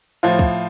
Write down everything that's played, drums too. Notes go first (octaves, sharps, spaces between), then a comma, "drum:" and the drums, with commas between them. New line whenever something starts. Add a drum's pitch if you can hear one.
A2 F3 F4
drum: kick, hi-hat